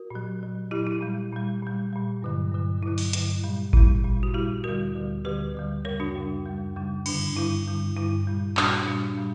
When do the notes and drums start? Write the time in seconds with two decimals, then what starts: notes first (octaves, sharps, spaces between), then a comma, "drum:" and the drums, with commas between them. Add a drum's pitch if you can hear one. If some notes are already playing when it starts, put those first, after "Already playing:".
Already playing: F#4 A#4
0.10 A#2 F#3
0.41 A#2 F#3
0.71 A#2 F#3 E4 G4
0.87 E4
1.01 A#2 G3
1.32 A#2 G3
1.62 A#2 G3
1.93 A#2 G3
2.22 G2 D3 F#3
2.52 G2 D3 F#3
2.83 G2 D3 F#3 E4
2.98 drum: open hi-hat
3.13 G2 D3 F#3, drum: hi-hat
3.44 A#2 G3
3.73 A#2 G3 E4, drum: kick G#1
4.04 A#2 G3
4.23 F#4
4.34 A#2 G3 E4 G4
4.64 D2 D3 G3 F#4 A#4
4.95 D2 D3 G3
5.25 D2 D3 G3 G4 B4
5.55 D2 D3 G3
5.85 F#2 C#3 G3 A#4 C#5
6.00 D4 F#4
6.15 F#2 C#3 G3
6.46 F#2 C#3 G3
6.76 F#2 C#3 G3
7.06 G2 D3 G3 D4, drum: cymbal
7.36 G2 D3 G3 E4
7.67 G2 D3 G3
7.97 G2 D3 G3 E4
8.27 A#2 G3
8.57 A#2 G3 D4 F#4, drum: clap
8.87 A#2 G3 D4
9.17 A#2 G3